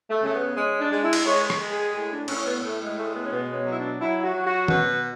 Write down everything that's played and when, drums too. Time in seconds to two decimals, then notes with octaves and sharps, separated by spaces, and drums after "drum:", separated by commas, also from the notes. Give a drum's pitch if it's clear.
0.10 A3
0.22 C#3 A3
0.34 B3
0.56 G#3 C#4
0.80 D4
0.91 G#3
1.02 E4
1.13 drum: cymbal
1.25 G#3 C#5
1.50 drum: rim click
1.59 G#3
1.70 G#4
1.94 A2 G#4
2.11 D4
2.28 A2 C#4, drum: cymbal
2.45 B3
2.62 A2 A3
2.80 G#3
2.97 G#3 A3
3.14 B3
3.25 C#4
3.31 B2 B3
3.54 C#4
3.65 F#3
3.71 E4
3.77 D4
4.00 F#3 E4
4.23 F#4
4.34 F#3
4.46 F#4
4.68 B2 B4, drum: tom D#3